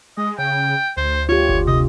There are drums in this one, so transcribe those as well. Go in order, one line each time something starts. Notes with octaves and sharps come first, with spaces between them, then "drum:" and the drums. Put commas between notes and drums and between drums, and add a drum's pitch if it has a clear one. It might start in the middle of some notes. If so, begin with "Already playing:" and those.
G#3 D#5
C#3 G5
D2 C5
F4 G4 C#5
drum: kick F#1
C3 D#5